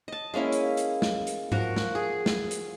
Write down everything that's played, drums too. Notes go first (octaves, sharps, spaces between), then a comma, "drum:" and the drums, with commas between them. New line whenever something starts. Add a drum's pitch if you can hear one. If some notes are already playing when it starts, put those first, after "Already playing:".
D#5 A5
G#3 A#3 C#4 E4
drum: hi-hat
drum: hi-hat
drum: snare
drum: hi-hat
F3 F#4 A#4, drum: tom G#2
drum: snare
G#4
drum: snare
drum: hi-hat